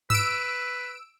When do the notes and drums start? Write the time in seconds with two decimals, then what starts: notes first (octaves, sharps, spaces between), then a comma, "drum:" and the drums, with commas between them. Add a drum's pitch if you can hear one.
0.10 B4 E6 D7, drum: tom G2